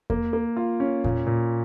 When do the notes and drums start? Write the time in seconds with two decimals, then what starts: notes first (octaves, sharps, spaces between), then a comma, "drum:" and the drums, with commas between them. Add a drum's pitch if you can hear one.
0.10 A#3, drum: kick E2
0.33 A#3
0.57 F4
0.80 C#4
1.04 A#2, drum: kick E2
1.26 A#2